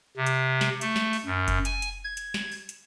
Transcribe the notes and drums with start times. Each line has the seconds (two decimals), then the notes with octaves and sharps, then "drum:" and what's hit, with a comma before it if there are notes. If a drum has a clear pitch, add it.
0.17 C3
0.26 drum: hi-hat
0.61 drum: snare
0.81 A3, drum: hi-hat
0.96 drum: snare
1.13 drum: open hi-hat
1.25 F#2
1.48 drum: kick F#1, hi-hat
1.65 G#5, drum: hi-hat
1.82 drum: hi-hat
2.04 G#6
2.17 drum: hi-hat
2.34 drum: snare
2.52 drum: open hi-hat
2.69 drum: hi-hat